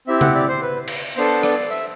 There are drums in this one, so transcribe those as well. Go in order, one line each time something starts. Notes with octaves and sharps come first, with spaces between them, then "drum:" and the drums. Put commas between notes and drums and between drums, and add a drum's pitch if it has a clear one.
C4 E4 G4 E5
F#5, drum: tom C#3
D5
C5
B4
drum: cymbal
B3 D4 A4 C5
D5, drum: rim click
E5